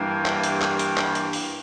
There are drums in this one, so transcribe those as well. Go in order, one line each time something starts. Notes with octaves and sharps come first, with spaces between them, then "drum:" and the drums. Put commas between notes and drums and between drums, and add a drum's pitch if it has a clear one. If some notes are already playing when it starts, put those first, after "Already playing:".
Already playing: G2 E3 A#3
drum: clap
drum: hi-hat
drum: clap
drum: hi-hat
drum: clap
drum: hi-hat
drum: open hi-hat